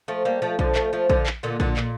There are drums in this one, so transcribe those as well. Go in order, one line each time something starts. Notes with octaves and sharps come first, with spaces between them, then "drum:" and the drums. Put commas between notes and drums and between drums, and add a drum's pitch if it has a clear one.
F3 A3
G3 A#3
F3 A3
D3 F3, drum: kick A#1
F3 A3, drum: clap
F3 A3
D3 F3, drum: kick A#1
drum: clap
A#2 D3
A#2 D3, drum: kick A#1
A#2, drum: clap